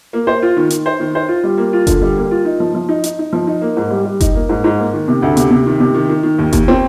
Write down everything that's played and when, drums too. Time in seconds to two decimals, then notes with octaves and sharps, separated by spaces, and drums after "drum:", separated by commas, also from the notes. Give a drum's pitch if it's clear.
0.13 A#3
0.27 C5
0.42 F4
0.57 D#3
0.70 D#3, drum: hi-hat
0.86 C5
1.00 D#3
1.15 C5
1.29 F4
1.44 G3
1.58 A#3
1.73 F4
1.87 D3, drum: kick F#1, hi-hat
2.01 G3
2.17 A#3
2.31 F4
2.45 D#4
2.60 F3
2.75 F3
2.89 D#4
3.04 D#4, drum: hi-hat
3.19 D#4
3.33 F3
3.47 D#4
3.62 A#3
3.77 G#2
3.90 G3
4.05 G3
4.20 D#4, drum: kick F#1, hi-hat
4.35 A#3
4.49 G#2
4.64 G#2
4.79 A#3
4.94 D#3
5.08 C3
5.22 D2
5.37 C3, drum: hi-hat
5.51 C3
5.66 D#3
5.80 C3
5.94 D#3
6.09 D#3
6.23 D#3
6.38 D#2
6.53 D#2, drum: kick F#1, hi-hat
6.68 C4